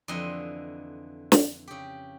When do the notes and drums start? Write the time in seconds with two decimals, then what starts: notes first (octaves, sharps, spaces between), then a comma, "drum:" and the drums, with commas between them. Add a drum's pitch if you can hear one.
0.08 F2 D3 E3 D#5 C6
1.32 drum: snare
1.68 C#3 G4